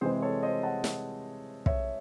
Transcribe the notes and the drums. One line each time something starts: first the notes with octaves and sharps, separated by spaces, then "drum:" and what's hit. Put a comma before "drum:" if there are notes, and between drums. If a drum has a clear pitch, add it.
C3 E3 G#3 G#4 C5
A4 C#5
C5 D#5
F#5 A5
drum: snare
C#5 E5, drum: kick